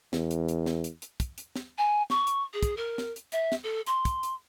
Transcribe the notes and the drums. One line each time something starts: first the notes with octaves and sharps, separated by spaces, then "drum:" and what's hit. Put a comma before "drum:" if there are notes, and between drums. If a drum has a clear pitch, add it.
E2, drum: snare
drum: hi-hat
drum: hi-hat
drum: snare
drum: hi-hat
drum: hi-hat
drum: kick, hi-hat
drum: hi-hat
drum: snare
G#5
C#6, drum: snare
drum: hi-hat
G#4
drum: kick, hi-hat
A#4
drum: snare
drum: hi-hat
E5, drum: hi-hat
drum: snare
A4
C6, drum: hi-hat
drum: kick, hi-hat
drum: hi-hat